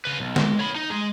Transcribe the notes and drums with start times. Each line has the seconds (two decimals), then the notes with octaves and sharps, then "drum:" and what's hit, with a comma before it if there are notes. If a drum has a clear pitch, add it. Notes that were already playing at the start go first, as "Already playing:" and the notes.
0.05 C#3 B4
0.20 B1
0.36 G#3, drum: snare
0.59 C#5 B5
0.76 D#4
0.90 G#3 G#4